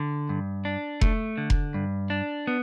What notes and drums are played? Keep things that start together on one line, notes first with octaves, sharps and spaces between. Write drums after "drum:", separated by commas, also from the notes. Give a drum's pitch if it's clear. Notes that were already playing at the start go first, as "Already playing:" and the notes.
Already playing: D3
G2
D4
A3, drum: kick F1
D3
drum: kick F1
G2
D4
B3